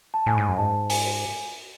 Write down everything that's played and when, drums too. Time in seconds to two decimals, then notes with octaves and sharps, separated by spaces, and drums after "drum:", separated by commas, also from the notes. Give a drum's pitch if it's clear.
0.14 A5
0.26 A2 G#5
0.38 G#2
0.49 F#2
0.58 G#2 A5
0.90 G#5, drum: open hi-hat